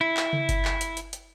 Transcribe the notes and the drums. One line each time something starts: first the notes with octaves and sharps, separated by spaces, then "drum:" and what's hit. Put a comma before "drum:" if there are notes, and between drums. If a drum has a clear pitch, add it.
E4
drum: clap
drum: tom C#3
drum: kick G1, hi-hat
drum: clap
drum: hi-hat
drum: hi-hat
drum: hi-hat